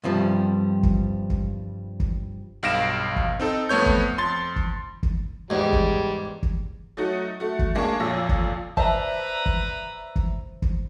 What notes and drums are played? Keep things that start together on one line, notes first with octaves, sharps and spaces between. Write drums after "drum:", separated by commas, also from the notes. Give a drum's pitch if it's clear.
G2 C3 F3 G3
drum: kick
drum: kick
drum: kick
B1 G2 F5 A#6 D7 E7
drum: kick
C4 D#4 A4
F2 A3 B3 C#5 G6
drum: kick
F2 C6 A6
drum: kick
drum: kick
E2 G#2 G3
drum: kick
drum: kick
F#3 A3 D#4 F#4
A3 F#4
drum: kick
G#3 A#3 D4 G#4 A5 C#6
F2 A#2 C#5 E6 A#6
drum: kick
B4 C5 D5 E5 A5 A#5, drum: kick
drum: kick
drum: kick
drum: kick